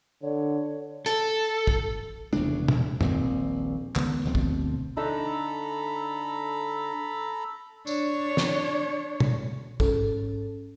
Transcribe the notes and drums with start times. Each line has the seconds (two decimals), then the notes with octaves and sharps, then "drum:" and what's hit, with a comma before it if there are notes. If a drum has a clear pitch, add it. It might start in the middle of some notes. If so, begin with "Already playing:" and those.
0.22 D3 C#5
1.06 A4, drum: hi-hat
1.67 drum: kick
2.33 F1 E2 C#3 D4, drum: tom
2.68 drum: tom
3.01 D#1 A#1 C4, drum: tom
3.95 C#2 D#3 B3, drum: clap
4.25 D2 B2 F3 C4
4.35 drum: kick
4.97 D3 D4 D#4 A4 A#5 B5
7.87 D4 C#5, drum: tambourine
8.37 drum: snare
9.20 drum: tom
9.80 G#2 C#4 A4, drum: kick